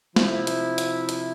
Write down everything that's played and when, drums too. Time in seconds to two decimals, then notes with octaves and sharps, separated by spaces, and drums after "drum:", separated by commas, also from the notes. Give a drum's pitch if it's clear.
0.16 C3 F3 E4, drum: snare
0.47 drum: hi-hat
0.78 drum: hi-hat
1.09 drum: hi-hat